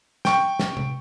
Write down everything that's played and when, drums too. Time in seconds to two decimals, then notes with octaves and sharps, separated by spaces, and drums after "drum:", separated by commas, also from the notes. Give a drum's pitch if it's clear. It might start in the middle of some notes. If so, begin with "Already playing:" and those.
0.25 G5 C#6, drum: snare
0.59 drum: snare
0.77 drum: tom C3